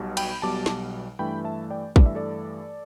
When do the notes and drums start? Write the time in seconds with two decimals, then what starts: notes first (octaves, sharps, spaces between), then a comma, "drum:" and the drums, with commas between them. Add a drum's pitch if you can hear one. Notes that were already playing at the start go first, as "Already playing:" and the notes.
Already playing: B1 B2 G3
0.17 G5 B5, drum: cymbal
0.42 B1 B2 G3 A5 D6
0.66 drum: snare
1.19 G2 E3 A3 G5 B5
1.44 E5 A5
1.70 D5 G5
1.96 G2 E3 A3 D5, drum: kick
2.06 E5
2.15 A4 D5